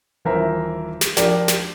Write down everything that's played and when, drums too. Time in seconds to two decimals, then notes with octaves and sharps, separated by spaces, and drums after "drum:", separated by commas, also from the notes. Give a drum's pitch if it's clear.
0.25 D#1 E3 A#4 C5 E5 A#5
1.01 drum: snare
1.17 F3 D4 G4 A#4, drum: snare
1.48 drum: snare